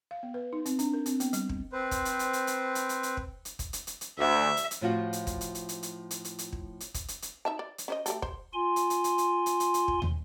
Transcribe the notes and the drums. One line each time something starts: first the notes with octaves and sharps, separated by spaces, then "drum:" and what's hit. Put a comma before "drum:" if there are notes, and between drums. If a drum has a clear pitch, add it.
F5
B3
B4
D#4
C4, drum: hi-hat
D4, drum: hi-hat
A#4
C4, drum: hi-hat
B3, drum: hi-hat
G3, drum: hi-hat
drum: kick
C4 B4 C5
drum: kick, hi-hat
drum: hi-hat
drum: hi-hat
drum: hi-hat
drum: hi-hat
drum: hi-hat
drum: hi-hat
drum: hi-hat
drum: kick
drum: hi-hat
drum: kick, hi-hat
drum: hi-hat
drum: hi-hat
drum: hi-hat
D2 E5
drum: hi-hat
drum: hi-hat
A2 F3 F4 F#4
drum: hi-hat
drum: kick, hi-hat
drum: hi-hat
drum: hi-hat
drum: hi-hat
drum: hi-hat
drum: hi-hat
drum: hi-hat
drum: hi-hat
drum: kick
drum: hi-hat
drum: kick, hi-hat
drum: hi-hat
drum: hi-hat
D#4 E5 A5
D5
drum: hi-hat
C#4 C5 D#5
A3 G4 A4, drum: hi-hat
C5, drum: kick
F4 G#5 C6
drum: hi-hat
drum: hi-hat
drum: hi-hat
drum: hi-hat
drum: hi-hat
drum: hi-hat
drum: hi-hat
drum: kick
drum: tom